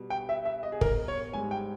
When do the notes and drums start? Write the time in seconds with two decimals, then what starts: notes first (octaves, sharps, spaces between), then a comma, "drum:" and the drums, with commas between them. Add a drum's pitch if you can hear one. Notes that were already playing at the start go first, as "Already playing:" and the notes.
Already playing: B2 G3
0.10 G5
0.29 E5
0.45 E5
0.63 D#5
0.72 G#4
0.81 A#4, drum: kick
1.08 C#5
1.33 G#2 G3 G#5
1.51 G5